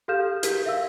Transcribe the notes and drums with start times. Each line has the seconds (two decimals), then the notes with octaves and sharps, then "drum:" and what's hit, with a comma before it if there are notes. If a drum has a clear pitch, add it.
0.08 G4 A4 F5 F6 G6 E7
0.43 G4 A#4 B6, drum: hi-hat
0.66 E5 F5 E6